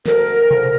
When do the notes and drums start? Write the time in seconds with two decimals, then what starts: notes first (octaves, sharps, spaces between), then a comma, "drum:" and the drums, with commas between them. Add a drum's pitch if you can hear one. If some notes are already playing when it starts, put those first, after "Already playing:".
0.06 D2 A#4, drum: snare
0.28 D2
0.51 F2, drum: tom B2